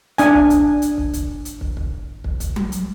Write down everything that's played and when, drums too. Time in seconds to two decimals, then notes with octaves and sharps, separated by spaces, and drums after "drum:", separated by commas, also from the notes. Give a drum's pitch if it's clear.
0.18 D4 G#5, drum: hi-hat
0.34 drum: kick
0.50 drum: kick, hi-hat
0.82 drum: hi-hat
0.98 drum: kick
1.13 drum: kick, hi-hat
1.45 drum: hi-hat
1.61 drum: kick
1.77 drum: kick
2.24 drum: kick
2.40 drum: kick, hi-hat
2.56 drum: tom F#3
2.72 drum: hi-hat